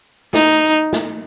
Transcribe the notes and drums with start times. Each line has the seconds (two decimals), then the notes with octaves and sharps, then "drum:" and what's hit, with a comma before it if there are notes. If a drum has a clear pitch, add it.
0.33 D#4, drum: snare
0.93 drum: snare